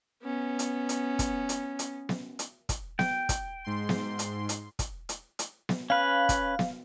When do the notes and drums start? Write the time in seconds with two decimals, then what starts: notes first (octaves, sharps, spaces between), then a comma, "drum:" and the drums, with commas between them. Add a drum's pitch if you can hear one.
0.23 B3 C#4
0.59 drum: hi-hat
0.89 drum: hi-hat
1.19 drum: kick, hi-hat
1.49 drum: hi-hat
1.79 drum: hi-hat
2.09 drum: snare B3
2.39 drum: hi-hat
2.69 drum: kick, hi-hat
2.99 G5, drum: snare B3
3.29 drum: kick, hi-hat
3.64 G#2 C6
3.89 drum: snare B3
4.19 drum: hi-hat
4.49 drum: hi-hat
4.79 drum: kick, hi-hat
5.09 drum: hi-hat
5.39 drum: hi-hat
5.69 drum: snare B3
5.90 C#4 B4 F5
6.29 drum: kick, hi-hat
6.59 drum: snare B3